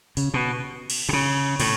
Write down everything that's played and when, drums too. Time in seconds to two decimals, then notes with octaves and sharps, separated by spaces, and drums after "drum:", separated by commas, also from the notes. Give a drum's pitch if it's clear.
0.17 C#3, drum: open hi-hat
0.34 B2
0.90 drum: cymbal
1.09 B2
1.13 C#3
1.60 A2, drum: cymbal